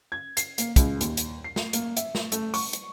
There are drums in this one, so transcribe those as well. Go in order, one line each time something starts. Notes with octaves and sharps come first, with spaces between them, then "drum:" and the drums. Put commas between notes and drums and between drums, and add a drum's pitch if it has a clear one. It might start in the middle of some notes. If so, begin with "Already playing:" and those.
G#6
C7, drum: hi-hat
A#3, drum: hi-hat
C#2, drum: kick, hi-hat
D#2, drum: hi-hat
drum: hi-hat
C7
drum: snare
A#3, drum: hi-hat
E5, drum: hi-hat
drum: snare
A3, drum: hi-hat
C#6, drum: open hi-hat
drum: hi-hat